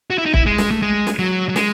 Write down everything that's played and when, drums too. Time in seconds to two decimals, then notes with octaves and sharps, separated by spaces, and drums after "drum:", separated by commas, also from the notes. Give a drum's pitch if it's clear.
0.10 F#4
0.18 E4
0.26 D#4
0.34 E4, drum: kick
0.46 G#3
0.58 drum: snare
0.71 A3
0.82 G#3
1.07 drum: snare
1.19 F#3
1.49 F#3
1.56 G#3, drum: snare